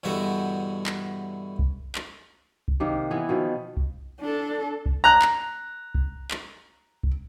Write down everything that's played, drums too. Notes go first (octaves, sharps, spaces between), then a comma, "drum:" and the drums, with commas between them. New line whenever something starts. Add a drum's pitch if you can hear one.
E2 G2 B2 D3 F#4 E5
drum: clap
drum: kick C2
drum: clap
drum: kick C2
C3 D#3 A#3
E3 B3 E4
B2 D#3 F3
drum: kick C2
D4 A4
drum: kick C2
A#5 F#6
drum: clap
drum: kick C2
drum: clap
drum: kick C2